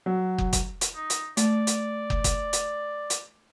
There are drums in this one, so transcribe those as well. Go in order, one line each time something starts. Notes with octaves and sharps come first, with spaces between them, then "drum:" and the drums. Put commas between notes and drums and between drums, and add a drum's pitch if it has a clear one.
F#3
drum: kick
drum: kick, hi-hat
drum: hi-hat
D#4
drum: hi-hat
A3 D5, drum: hi-hat
drum: hi-hat
drum: kick
drum: kick, hi-hat
drum: hi-hat
drum: hi-hat